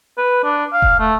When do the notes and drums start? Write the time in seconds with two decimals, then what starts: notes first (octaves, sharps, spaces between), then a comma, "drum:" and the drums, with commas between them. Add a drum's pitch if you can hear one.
0.18 B4
0.44 D4
0.73 F5
0.82 drum: kick E1
1.00 A3